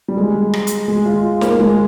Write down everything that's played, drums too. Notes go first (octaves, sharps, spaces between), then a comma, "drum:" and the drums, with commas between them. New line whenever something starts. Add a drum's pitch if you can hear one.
G3
G#3
drum: rim click
drum: hi-hat
G#3
F4
A#3, drum: snare
G#3